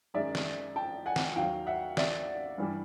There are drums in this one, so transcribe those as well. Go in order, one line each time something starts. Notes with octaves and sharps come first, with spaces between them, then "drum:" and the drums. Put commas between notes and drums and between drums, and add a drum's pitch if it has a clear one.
F#2 D#3 G#3 D5 E5
drum: snare
G5 A5
F#5 G#5
drum: snare
D#2 D#3 F#3 F5 G5
E5 F#5
D5 E5, drum: snare
G2 E3 G3